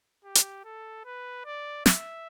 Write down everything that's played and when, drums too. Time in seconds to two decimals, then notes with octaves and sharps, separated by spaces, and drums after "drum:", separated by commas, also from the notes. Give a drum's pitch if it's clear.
0.25 G4
0.35 drum: hi-hat
0.65 A4
1.05 B4
1.45 D5
1.86 E5, drum: snare